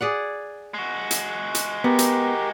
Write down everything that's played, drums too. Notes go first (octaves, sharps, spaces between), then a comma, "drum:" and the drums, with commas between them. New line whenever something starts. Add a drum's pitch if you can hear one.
G#4 D5 F#5
G#3 F#4
drum: hi-hat
drum: hi-hat
B3 G4 A#4
drum: hi-hat